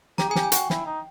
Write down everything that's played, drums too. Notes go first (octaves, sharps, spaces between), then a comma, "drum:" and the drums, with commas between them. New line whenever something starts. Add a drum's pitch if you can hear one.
G4 A#5, drum: snare
G#4 G#5
G4, drum: snare
G#5
F#4 G5, drum: hi-hat
E4, drum: snare
D#4